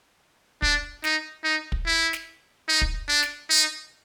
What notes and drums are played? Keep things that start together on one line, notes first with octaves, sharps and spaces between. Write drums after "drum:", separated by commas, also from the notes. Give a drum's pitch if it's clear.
D4, drum: kick
D#4, drum: snare
D#4
drum: kick
E4
drum: snare
D#4
drum: kick
D4
drum: snare
D#4